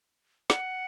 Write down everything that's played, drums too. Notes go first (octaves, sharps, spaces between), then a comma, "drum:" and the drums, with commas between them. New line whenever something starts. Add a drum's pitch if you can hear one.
F#5, drum: snare